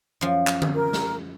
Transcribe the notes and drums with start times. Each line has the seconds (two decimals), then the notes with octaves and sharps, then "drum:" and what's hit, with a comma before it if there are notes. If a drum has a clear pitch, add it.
0.21 F#2 F3
0.47 drum: clap
0.62 drum: tom D3
0.74 A#4
0.93 drum: snare